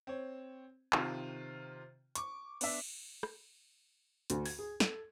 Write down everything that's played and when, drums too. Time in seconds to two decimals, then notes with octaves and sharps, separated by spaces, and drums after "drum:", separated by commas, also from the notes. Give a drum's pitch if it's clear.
0.07 C4 C#5
0.93 C3 D#3 F4, drum: clap
2.15 C#6 D6, drum: hi-hat
2.61 B3 D4 E5, drum: cymbal
3.23 drum: rim click
4.30 D2, drum: hi-hat
4.46 G#6, drum: open hi-hat
4.59 G#4
4.80 A4, drum: snare